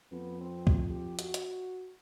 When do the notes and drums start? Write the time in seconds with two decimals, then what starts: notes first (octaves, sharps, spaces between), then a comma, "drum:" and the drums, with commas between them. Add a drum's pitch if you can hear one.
0.12 F2 B3
0.41 C4
0.67 drum: kick
0.90 G4
1.19 F#4, drum: hi-hat
1.34 drum: hi-hat